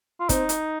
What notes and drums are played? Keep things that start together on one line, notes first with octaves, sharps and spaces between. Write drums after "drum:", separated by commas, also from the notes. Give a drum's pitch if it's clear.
F4
C4 D#4, drum: kick, hi-hat
drum: hi-hat